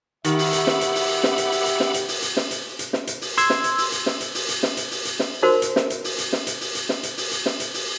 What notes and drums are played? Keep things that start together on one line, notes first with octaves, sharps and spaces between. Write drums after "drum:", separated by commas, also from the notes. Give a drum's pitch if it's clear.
D#3 G4 E5 F#5 B5 D6, drum: hi-hat
drum: open hi-hat
drum: hi-hat
drum: snare
drum: hi-hat
drum: open hi-hat
drum: snare
drum: hi-hat
drum: open hi-hat
drum: hi-hat
drum: snare
drum: hi-hat
drum: open hi-hat
drum: hi-hat
drum: snare
drum: hi-hat
drum: hi-hat
drum: snare
drum: hi-hat
drum: open hi-hat
C6 E6 G#6, drum: hi-hat
drum: snare
drum: hi-hat
drum: open hi-hat
drum: hi-hat
drum: snare
drum: hi-hat
drum: open hi-hat
drum: hi-hat
drum: snare
drum: hi-hat
drum: open hi-hat
drum: hi-hat
drum: snare
D#4 F#4 A#4 C5 C6
drum: hi-hat
drum: snare
drum: hi-hat
drum: open hi-hat
drum: hi-hat
drum: snare
drum: hi-hat
drum: open hi-hat
drum: hi-hat
drum: snare
drum: hi-hat
drum: open hi-hat
drum: hi-hat
drum: snare
drum: hi-hat
drum: open hi-hat